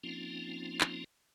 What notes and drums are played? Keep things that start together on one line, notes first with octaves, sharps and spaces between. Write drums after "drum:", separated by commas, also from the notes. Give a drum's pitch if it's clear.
F3 A#3 C4 C#4 D#4 F4
drum: clap